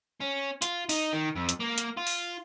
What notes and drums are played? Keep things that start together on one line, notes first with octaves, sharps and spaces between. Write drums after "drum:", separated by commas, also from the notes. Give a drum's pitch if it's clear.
C#4
F4, drum: hi-hat
D#4, drum: open hi-hat
D#3
F2
drum: hi-hat
A#3
drum: hi-hat
F4
drum: open hi-hat